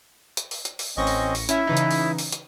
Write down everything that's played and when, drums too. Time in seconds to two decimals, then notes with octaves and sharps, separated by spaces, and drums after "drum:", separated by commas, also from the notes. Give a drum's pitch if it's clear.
0.37 drum: hi-hat
0.51 drum: open hi-hat
0.65 drum: hi-hat
0.79 drum: open hi-hat
0.97 A1 C4 C#4 D#5 C#6 A#6
1.07 drum: open hi-hat
1.35 drum: open hi-hat
1.49 C#4 E4 E5, drum: hi-hat
1.67 C#3 E3 D#4
1.77 drum: hi-hat
1.91 drum: open hi-hat
2.18 drum: open hi-hat
2.32 drum: hi-hat